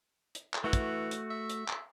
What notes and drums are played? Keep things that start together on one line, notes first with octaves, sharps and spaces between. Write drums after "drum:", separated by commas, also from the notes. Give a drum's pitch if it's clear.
drum: hi-hat
drum: clap
E3 A3 F#4
drum: kick, hi-hat
drum: hi-hat
E5
drum: hi-hat
drum: clap